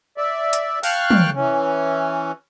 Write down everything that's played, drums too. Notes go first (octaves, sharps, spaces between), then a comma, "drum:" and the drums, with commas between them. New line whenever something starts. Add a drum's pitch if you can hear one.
D5 E5
drum: hi-hat
F5 G5 A5 C#6 F6 F#6, drum: open hi-hat
drum: tom
E3 C#4